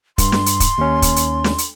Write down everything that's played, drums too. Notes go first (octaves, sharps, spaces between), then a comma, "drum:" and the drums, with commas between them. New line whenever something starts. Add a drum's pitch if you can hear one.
G2 C6, drum: kick, hi-hat
drum: snare
drum: hi-hat
drum: kick, hi-hat
D#2 C#4
drum: kick, hi-hat
drum: hi-hat
drum: snare
drum: hi-hat